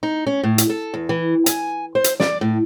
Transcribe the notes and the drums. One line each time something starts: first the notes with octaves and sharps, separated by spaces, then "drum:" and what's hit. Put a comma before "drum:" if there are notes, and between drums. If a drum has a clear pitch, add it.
D#4
C#4
A2
drum: hi-hat
A4
E2
E3
G#5, drum: hi-hat
C5
drum: hi-hat
D5, drum: snare
A2